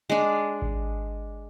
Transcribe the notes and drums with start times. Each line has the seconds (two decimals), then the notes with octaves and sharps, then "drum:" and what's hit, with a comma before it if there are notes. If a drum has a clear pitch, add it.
0.10 G#3 D4
0.62 drum: kick G#1